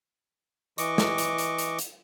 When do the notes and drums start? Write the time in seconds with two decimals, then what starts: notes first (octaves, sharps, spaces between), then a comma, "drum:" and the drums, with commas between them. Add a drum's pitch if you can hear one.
0.78 E3 D#5 C#6 D6, drum: hi-hat
0.98 drum: snare
1.18 drum: hi-hat
1.38 drum: hi-hat
1.58 drum: hi-hat
1.79 drum: hi-hat